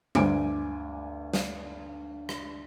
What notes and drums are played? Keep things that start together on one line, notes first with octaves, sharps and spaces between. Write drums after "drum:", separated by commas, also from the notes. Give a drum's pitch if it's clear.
D2 G2 C5 G#5 D6 D7, drum: tom G3
drum: snare
drum: rim click